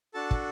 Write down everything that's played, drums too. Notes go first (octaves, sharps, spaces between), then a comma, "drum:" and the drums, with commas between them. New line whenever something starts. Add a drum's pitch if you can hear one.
D4 F#4 A4 A5
drum: kick